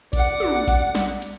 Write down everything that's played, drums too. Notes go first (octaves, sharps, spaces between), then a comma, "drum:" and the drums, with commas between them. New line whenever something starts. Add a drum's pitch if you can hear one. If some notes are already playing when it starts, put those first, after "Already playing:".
D5 F#5, drum: kick A#1, hi-hat
drum: tom
drum: kick A#1, hi-hat
drum: snare
drum: hi-hat